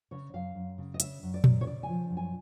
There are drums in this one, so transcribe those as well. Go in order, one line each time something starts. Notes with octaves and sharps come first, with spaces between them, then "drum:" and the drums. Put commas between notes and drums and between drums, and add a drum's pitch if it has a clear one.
C#3 C#5
F#2 F5
F#2
C#3
D#5
C#3 E5, drum: hi-hat
F#2
D5
F#2, drum: tom A#2
C#5
C#3 D5
G#5
F3
F#2
G#5